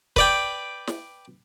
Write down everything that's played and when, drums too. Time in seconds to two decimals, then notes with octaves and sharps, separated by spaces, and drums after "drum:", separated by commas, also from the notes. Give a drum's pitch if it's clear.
0.16 B4 D5 G5, drum: kick
0.87 drum: snare